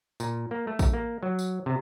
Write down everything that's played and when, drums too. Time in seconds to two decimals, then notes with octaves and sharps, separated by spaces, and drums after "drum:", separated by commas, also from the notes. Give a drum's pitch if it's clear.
0.20 A#2, drum: tambourine
0.51 A#3
0.67 A3
0.79 drum: kick A1, tambourine
0.93 A#3
1.23 F#3
1.39 drum: tambourine
1.66 C3